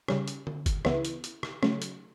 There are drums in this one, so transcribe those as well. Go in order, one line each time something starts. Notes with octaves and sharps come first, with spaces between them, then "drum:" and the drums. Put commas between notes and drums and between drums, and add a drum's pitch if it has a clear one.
C#3 G3 C#4, drum: rim click
drum: hi-hat
drum: tom D3
drum: kick, hi-hat
C#2 C#3 E3 B3 E4, drum: rim click
drum: hi-hat
drum: hi-hat
drum: rim click
C#3 F#3 A3 C#4, drum: rim click
drum: hi-hat